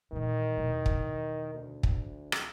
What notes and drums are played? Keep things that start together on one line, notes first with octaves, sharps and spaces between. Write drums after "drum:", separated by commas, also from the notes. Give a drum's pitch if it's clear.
A#2 D#3 E3
E2 B2
drum: kick
D2
drum: kick
drum: rim click